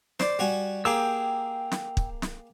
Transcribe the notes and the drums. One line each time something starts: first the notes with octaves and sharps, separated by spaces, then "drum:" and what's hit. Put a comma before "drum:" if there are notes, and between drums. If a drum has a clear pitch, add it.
C5 D5, drum: snare
G3 F#4 G#5
A#3 G4 G#4 G5 E6
drum: snare
drum: kick
drum: snare